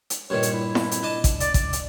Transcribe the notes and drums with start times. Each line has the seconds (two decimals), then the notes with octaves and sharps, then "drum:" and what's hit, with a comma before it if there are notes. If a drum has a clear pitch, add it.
0.10 drum: hi-hat
0.30 G2 A#2 D#3 C#5
0.43 drum: hi-hat
0.53 E4
0.75 drum: snare E4
0.91 drum: hi-hat
1.03 D4 D#5 A5
1.24 drum: kick A1, hi-hat
1.40 D5, drum: hi-hat
1.54 D5, drum: kick A1, hi-hat
1.73 drum: hi-hat